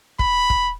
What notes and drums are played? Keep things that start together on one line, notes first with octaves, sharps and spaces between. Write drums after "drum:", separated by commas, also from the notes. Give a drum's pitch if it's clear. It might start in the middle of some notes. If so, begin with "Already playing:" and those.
B5, drum: kick
drum: kick